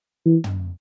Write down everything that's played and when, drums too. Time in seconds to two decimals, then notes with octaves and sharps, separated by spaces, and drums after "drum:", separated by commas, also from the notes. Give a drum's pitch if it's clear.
0.26 E3
0.44 drum: tom